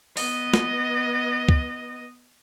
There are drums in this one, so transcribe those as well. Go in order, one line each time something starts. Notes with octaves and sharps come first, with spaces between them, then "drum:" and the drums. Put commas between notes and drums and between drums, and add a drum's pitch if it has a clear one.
B3 D#5, drum: open hi-hat
drum: snare
drum: kick